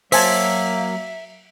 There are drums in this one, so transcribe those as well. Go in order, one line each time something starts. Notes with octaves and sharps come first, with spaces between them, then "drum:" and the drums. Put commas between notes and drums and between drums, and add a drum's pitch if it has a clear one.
F#3 A#3 C5 E5 G#5 A5, drum: open hi-hat